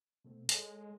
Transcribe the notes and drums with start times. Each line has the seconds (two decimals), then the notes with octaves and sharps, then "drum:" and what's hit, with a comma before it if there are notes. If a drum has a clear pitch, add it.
0.25 B2 A3 C4
0.49 G#3 A4 C#5, drum: hi-hat